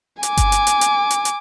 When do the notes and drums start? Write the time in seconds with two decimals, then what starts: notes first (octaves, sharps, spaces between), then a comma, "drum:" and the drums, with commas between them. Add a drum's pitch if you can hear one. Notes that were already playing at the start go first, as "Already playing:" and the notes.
0.23 G#5 D6, drum: hi-hat
0.37 drum: kick G1, hi-hat
0.52 drum: hi-hat
0.67 drum: hi-hat
0.81 drum: hi-hat
1.11 drum: hi-hat
1.25 drum: hi-hat